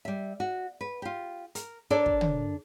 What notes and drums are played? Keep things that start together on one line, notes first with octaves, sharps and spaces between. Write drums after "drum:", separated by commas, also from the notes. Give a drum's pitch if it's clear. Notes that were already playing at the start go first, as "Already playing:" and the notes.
G3 E5
F#4
B4
F4 G4
A#4, drum: hi-hat
D4 A4 A#4 C#5 D5
drum: kick
drum: tom